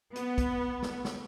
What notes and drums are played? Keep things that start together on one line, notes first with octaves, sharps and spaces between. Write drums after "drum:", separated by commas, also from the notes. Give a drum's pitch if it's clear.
B3, drum: hi-hat
drum: kick, hi-hat
drum: snare
drum: snare